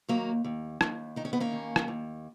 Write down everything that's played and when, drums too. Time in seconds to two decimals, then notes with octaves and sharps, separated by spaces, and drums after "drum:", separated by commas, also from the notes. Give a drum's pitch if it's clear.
0.08 D#2 F#3 A#3
0.44 D#2
0.81 D#2, drum: rim click
1.16 D#3 D#4
1.25 C#4
1.33 B3
1.40 A#3 C#4
1.52 D#2
1.76 drum: rim click
1.88 D#2